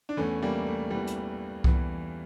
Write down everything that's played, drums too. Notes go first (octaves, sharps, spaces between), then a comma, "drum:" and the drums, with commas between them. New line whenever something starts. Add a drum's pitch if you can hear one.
D4
E2 E3 A3 C#4
G3 A#3
A3
E2 E3 G3
drum: hi-hat
E2 E3, drum: kick C2